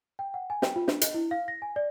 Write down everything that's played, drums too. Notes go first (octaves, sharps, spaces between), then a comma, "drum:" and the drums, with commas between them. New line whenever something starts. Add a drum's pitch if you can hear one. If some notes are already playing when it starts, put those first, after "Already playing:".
G5
F#5
G#5
G5, drum: snare
F4
D4, drum: snare
D#5, drum: hi-hat
E4
F5
A#6
G#5
D5